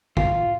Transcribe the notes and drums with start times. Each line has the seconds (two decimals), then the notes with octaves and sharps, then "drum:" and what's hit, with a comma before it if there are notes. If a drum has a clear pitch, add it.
0.17 F4, drum: kick